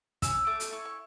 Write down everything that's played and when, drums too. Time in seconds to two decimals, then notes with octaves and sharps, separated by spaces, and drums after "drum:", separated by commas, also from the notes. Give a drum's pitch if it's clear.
0.22 C#4 E6, drum: kick, hi-hat
0.47 A3 D6
0.60 drum: hi-hat
0.72 E4 C#6
0.85 C#6